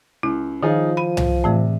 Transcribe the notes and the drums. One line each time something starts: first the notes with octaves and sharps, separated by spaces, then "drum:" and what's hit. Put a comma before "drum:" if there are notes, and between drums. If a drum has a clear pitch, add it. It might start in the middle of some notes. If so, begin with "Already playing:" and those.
C#2 E4
D#3 F3 D#4 F4 G#4
B5 D#7
drum: tom C2
A2 C3 E3 A3